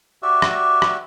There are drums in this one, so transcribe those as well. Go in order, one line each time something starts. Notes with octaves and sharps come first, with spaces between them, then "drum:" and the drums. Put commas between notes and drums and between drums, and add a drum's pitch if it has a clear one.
F#4 G4 D5 E5
drum: rim click
drum: rim click